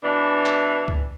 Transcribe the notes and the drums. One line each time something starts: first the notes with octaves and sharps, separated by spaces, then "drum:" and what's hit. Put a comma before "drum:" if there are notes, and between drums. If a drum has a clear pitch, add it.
B2 E3 D4
drum: clap
drum: kick C#2